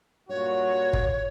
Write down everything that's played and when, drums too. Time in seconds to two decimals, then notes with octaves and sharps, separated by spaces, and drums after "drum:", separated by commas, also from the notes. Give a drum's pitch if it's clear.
0.29 G2 A#2 F#4 C#5
0.93 drum: kick